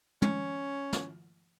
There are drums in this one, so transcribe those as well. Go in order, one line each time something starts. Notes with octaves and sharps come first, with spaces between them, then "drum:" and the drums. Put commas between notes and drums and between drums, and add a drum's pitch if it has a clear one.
C#4, drum: tom
drum: snare